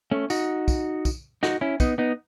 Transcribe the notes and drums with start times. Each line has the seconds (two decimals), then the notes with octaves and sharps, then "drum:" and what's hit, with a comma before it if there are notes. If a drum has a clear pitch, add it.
0.11 A3 C#4
0.30 D#4 F#4, drum: tambourine
0.68 drum: kick, tambourine
1.05 drum: kick, tambourine
1.43 D#4 F#4, drum: snare
1.61 C#4 E4
1.80 B3 D#4, drum: kick, tambourine
1.98 B3 D#4